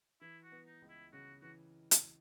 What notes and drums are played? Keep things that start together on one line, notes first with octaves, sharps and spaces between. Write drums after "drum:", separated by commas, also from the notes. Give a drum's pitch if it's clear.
E3 E4
F#4
B3
D#4
C#2
E4
C#3 F#4
E3 F#4
drum: hi-hat